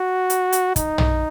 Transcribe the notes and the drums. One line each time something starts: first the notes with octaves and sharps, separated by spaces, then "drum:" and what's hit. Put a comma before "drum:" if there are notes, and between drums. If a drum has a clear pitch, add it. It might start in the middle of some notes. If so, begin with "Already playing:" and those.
Already playing: F#4
drum: hi-hat
drum: hi-hat
D#4, drum: kick, hi-hat
drum: tom